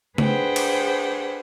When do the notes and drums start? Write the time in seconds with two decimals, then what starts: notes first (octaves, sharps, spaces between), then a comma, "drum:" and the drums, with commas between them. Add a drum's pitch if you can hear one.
0.18 D4 G#4 B4 C5 F#5 G5, drum: tom
0.56 drum: cymbal